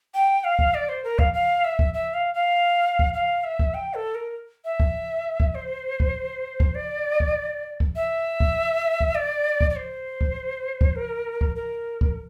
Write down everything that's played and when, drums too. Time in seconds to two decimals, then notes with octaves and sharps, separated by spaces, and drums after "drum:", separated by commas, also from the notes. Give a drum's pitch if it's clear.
0.14 G5
0.44 F5
0.59 drum: kick
0.74 D5
0.89 C5
1.04 A#4
1.19 F5, drum: kick
1.34 F5
1.64 E5
1.79 drum: kick
1.94 E5
2.14 F5
2.34 F5
2.99 drum: kick
3.14 F5
3.44 E5
3.59 drum: kick
3.74 G5
3.94 A4
4.15 A#4
4.65 E5
4.80 drum: kick
5.40 drum: kick
5.55 C5
6.00 drum: kick
6.60 drum: kick
6.75 D5
7.20 drum: kick
7.80 drum: kick
7.96 E5
8.40 drum: kick
9.00 drum: kick
9.15 D5
9.61 drum: kick
9.70 D5
9.76 C5
10.21 drum: kick
10.81 drum: kick
10.96 A#4
11.41 drum: kick
11.56 A#4
12.01 drum: kick